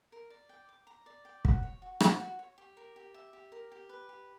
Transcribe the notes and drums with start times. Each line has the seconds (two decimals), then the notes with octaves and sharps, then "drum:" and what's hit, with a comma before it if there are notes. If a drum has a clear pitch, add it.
0.12 A#4
0.30 D5
0.49 G5
0.69 D6
0.87 A#5
1.06 D5
1.25 G5
1.45 F#4, drum: kick
1.63 C#5
1.82 F#4
2.00 F#5, drum: rim click
2.20 F#4
2.39 C#5
2.58 G4
2.77 A#4
2.96 G4
3.14 E5
3.33 G4
3.52 A#4
3.72 G4
3.89 B4
4.09 G4